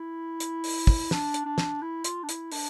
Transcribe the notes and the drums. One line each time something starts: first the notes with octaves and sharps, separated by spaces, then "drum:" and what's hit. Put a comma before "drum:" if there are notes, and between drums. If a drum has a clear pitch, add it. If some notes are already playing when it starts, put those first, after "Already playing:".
Already playing: E4
drum: hi-hat
drum: open hi-hat
drum: kick, open hi-hat
D4, drum: snare
drum: hi-hat
D4
drum: snare
E4
F4, drum: hi-hat
D4
E4, drum: hi-hat
D4, drum: open hi-hat